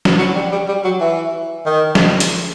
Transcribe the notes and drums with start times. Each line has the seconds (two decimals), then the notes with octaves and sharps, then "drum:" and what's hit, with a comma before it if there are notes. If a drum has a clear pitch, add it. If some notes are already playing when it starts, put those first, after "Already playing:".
0.05 drum: snare
0.19 F#3
0.35 G3
0.52 G3
0.68 G3
0.84 F#3
1.01 E3
1.66 D#3
1.95 drum: snare
2.20 drum: hi-hat